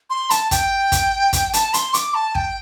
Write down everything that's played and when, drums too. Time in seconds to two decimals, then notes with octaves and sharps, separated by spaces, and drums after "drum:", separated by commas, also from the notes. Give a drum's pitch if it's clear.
0.10 C6
0.30 A5, drum: hi-hat
0.51 G5, drum: kick, hi-hat
0.92 drum: kick, hi-hat
1.33 drum: kick, hi-hat
1.53 A5, drum: hi-hat
1.74 C6, drum: hi-hat
1.94 D6, drum: hi-hat
2.14 A5
2.35 G5, drum: kick